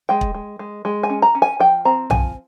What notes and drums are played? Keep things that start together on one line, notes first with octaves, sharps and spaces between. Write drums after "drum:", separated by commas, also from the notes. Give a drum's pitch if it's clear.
G#3 G5
drum: kick
G#3
G#3
G#3
G#5
C#4
A#5
C#4
G#5
F3 G5
C4 A#5
F3 G#5, drum: tom B1